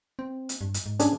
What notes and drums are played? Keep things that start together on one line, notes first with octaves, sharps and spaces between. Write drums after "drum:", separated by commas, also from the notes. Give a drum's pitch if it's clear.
C4
drum: hi-hat
G2
drum: hi-hat
G#2
C#4 D4 G#4, drum: hi-hat